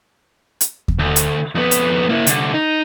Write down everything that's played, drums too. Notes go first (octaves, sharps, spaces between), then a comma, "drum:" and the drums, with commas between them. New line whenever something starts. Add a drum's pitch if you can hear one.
drum: hi-hat
drum: kick D#2
D2
drum: hi-hat
F2 B3
drum: hi-hat
A#3 E4
C2 D3, drum: hi-hat
D#4